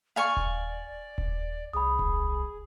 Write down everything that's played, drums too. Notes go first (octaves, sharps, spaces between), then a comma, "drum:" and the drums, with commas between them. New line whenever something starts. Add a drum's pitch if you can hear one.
D5 F5 G#5 C#6
drum: kick D#1
drum: kick D#1
C2 G#4 B5 D#6
drum: kick D#1